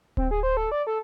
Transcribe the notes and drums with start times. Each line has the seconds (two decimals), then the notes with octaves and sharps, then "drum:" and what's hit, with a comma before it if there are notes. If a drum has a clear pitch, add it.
0.17 C4, drum: kick D1
0.31 G#4
0.43 C5
0.57 A4
0.72 D5
0.87 A4